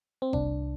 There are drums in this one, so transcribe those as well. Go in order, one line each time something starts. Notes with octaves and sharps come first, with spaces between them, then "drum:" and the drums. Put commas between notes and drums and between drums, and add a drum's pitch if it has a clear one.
C4
C2 D4, drum: kick F#1